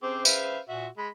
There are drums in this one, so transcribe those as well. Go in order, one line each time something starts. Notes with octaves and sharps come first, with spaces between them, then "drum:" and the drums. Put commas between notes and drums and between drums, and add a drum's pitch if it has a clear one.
C4 C#4 G#4 C5 D6
B4 E5 F5, drum: tambourine
A#2 F#4 E5
G#3 B5